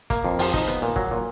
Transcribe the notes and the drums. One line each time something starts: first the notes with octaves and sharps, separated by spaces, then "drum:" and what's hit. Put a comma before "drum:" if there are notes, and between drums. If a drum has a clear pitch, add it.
A#3, drum: kick, hi-hat
F2
F3, drum: open hi-hat
D#4, drum: kick
B3, drum: hi-hat
A#2
F#3, drum: kick
A#2